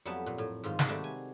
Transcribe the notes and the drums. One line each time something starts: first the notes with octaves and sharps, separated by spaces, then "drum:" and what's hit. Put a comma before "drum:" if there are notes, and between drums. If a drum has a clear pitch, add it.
F2 F#3 G3 A3 B3 A5
A#2
A2
G#2 D#3 F4
drum: snare
C3 D#3 G3 A3 F#4 A5
G#5